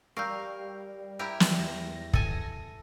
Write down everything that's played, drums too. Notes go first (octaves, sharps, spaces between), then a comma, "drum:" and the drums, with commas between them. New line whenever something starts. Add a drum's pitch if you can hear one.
G3 A#4 F5 C#6 E6 G6
E4 G4 A#4
drum: snare
E2 A#6
A4 G#5, drum: kick